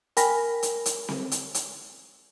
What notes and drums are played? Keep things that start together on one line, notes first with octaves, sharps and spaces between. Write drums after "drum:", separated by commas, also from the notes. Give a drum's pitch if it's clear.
A#4 G5 G#5 B5 A#6 B6, drum: hi-hat
drum: hi-hat
drum: hi-hat
drum: snare C4
drum: hi-hat
drum: hi-hat